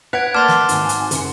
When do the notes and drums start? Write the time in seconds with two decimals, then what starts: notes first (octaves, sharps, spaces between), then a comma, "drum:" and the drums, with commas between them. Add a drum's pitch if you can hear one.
0.13 B4 F#5 F#6 G#6 B6 D7
0.34 A#3 D5 A5 C6 D6 F6 A6
0.48 drum: snare
0.69 G#1 G#5, drum: hi-hat
0.89 drum: hi-hat
1.11 F#1 C6 C#7, drum: hi-hat